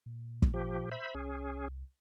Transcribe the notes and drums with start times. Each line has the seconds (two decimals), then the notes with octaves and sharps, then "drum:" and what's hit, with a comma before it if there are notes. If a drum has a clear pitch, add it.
0.06 A#2
0.42 drum: kick
0.54 F3 G4
0.92 C5 E5 B5
1.14 C2 C#4 G#4